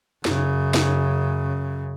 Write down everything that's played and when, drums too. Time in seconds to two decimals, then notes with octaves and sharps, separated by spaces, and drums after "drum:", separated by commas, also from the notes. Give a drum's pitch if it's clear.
0.25 F#2 C#3, drum: snare
0.74 drum: snare